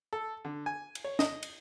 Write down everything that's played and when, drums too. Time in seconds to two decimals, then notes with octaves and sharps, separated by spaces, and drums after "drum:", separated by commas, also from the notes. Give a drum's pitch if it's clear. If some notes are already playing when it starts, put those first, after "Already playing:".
0.13 A4
0.45 D3
0.66 G#5
0.95 drum: cymbal
1.04 C#5
1.19 D#5, drum: snare
1.43 drum: cymbal